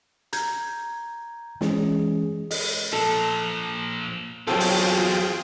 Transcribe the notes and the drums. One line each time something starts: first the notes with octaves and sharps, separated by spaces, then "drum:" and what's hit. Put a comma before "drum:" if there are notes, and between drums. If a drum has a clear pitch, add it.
A#5 G6 G#6, drum: hi-hat
E3 G#3 C#4 G#4, drum: snare
D#5, drum: open hi-hat
A#2 F3 A4
E2 F#3 G3 C4 F4 G#4 A4 G5
drum: open hi-hat